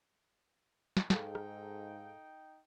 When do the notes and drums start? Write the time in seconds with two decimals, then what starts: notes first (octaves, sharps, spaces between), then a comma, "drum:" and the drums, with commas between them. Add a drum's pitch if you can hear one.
0.97 drum: snare
1.10 G#2 D#4 G#4 A4 F5 G5, drum: snare
1.35 drum: rim click